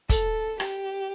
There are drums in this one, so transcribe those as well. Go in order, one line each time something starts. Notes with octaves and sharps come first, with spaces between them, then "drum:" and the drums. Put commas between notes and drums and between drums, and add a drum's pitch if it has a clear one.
A4, drum: kick, hi-hat
G4, drum: rim click